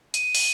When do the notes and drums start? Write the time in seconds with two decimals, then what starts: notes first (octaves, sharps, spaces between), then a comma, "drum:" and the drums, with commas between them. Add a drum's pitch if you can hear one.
0.14 D#7, drum: hi-hat
0.35 drum: open hi-hat